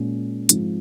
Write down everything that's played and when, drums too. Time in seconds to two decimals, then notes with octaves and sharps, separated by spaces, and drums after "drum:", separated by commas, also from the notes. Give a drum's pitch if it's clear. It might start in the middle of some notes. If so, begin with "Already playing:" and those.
Already playing: A#2 G#3 C#4
0.49 G#2 F3 G#3 C4, drum: hi-hat